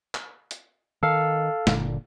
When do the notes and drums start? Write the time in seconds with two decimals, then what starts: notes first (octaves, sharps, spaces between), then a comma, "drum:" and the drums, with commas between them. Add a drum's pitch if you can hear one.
0.15 drum: clap
0.51 drum: hi-hat
1.03 D#3 A4 F5
1.67 F#1 A#2 D3, drum: snare